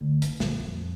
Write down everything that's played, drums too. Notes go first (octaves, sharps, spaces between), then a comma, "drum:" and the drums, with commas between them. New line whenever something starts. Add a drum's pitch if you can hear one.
D2
F#1, drum: hi-hat
A#1, drum: snare
F2